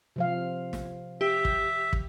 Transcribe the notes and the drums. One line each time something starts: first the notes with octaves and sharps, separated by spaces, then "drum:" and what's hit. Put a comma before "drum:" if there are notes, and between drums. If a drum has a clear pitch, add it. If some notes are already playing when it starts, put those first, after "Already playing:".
C3 F3 F5
drum: snare
G4 E5
drum: kick
drum: kick